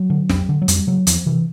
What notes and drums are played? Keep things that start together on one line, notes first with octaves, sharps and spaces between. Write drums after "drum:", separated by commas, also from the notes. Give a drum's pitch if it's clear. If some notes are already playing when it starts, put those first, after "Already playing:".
Already playing: F#3
D3
F2, drum: snare
D3
F#3
F2 G3, drum: hi-hat
C#3 F#3
E2 F3, drum: hi-hat
C3 E3